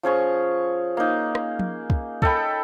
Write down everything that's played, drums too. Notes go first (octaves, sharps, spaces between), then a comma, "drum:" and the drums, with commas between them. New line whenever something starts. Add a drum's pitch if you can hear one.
F3 C#4 G#4 C#6
A#3 D#4
drum: rim click
drum: tom F3
drum: kick
A4 D#5 G5 B5, drum: kick